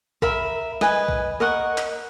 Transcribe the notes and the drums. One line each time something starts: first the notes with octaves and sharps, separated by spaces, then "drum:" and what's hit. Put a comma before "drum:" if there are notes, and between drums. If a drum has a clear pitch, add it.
A#4 E5 B5, drum: kick
B4 D#5 G#5, drum: snare
drum: kick
A#4 D#5 F#5 C#6
drum: clap